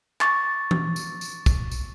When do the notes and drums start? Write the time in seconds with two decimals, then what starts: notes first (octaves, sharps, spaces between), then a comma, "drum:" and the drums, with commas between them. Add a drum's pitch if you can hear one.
0.21 C#6 D6 A6, drum: clap
0.71 drum: tom E3
0.96 drum: tambourine
1.21 drum: tambourine
1.46 drum: kick, tambourine
1.71 drum: tambourine